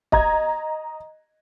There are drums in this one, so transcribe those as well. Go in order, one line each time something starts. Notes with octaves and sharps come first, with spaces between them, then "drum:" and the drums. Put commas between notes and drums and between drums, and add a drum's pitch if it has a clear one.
D#5 A#5 G#6, drum: kick